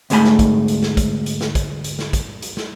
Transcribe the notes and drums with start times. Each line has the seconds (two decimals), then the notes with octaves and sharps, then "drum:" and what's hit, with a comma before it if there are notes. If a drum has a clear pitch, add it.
0.10 D2 G#2 G#3 A3 G#5 B5, drum: hi-hat
0.25 drum: snare
0.39 drum: kick, hi-hat
0.68 drum: hi-hat
0.83 drum: snare
0.97 drum: kick, hi-hat
1.26 drum: hi-hat
1.41 drum: snare
1.55 drum: kick, hi-hat
1.84 drum: hi-hat
1.99 drum: snare
2.13 drum: kick, hi-hat
2.42 drum: hi-hat
2.57 drum: snare